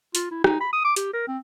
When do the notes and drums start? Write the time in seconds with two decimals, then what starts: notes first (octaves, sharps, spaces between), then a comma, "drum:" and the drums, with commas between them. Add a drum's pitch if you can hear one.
0.15 F4, drum: hi-hat
0.31 E4
0.44 D#4, drum: rim click
0.61 B5
0.73 D#6
0.85 D6
0.96 G4, drum: hi-hat
1.13 A#4
1.28 C4